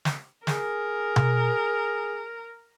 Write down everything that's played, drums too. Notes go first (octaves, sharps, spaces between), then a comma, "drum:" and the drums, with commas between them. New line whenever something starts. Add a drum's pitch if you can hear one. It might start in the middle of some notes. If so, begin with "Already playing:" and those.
drum: snare
G#4 A#4, drum: snare
drum: tom B2